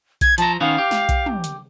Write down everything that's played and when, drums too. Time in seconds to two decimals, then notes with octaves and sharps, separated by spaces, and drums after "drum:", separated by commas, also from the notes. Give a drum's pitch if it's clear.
0.21 G#6, drum: kick B1, hi-hat
0.38 F3 A5 A#5, drum: hi-hat
0.61 D#3 B3 C#4 F5
0.78 G4
0.91 drum: snare
1.09 drum: kick B1, hi-hat
1.26 drum: tom
1.44 drum: hi-hat